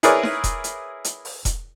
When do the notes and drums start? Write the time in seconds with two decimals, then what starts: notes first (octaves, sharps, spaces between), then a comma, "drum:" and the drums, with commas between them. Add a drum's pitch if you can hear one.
0.03 E4 G#4 A#4 B4 C#5 D5, drum: hi-hat
0.23 drum: snare D#4
0.44 drum: kick E1, hi-hat
0.64 drum: hi-hat
1.04 drum: hi-hat
1.25 drum: open hi-hat
1.45 drum: kick E1, hi-hat